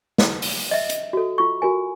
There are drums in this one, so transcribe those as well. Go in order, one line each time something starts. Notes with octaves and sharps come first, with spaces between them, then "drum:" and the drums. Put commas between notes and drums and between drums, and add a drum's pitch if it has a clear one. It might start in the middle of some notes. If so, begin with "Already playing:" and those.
drum: snare
drum: open hi-hat
D#5 E5
drum: hi-hat
F#4 A4
F4 C#6
F#4 A#4 G#5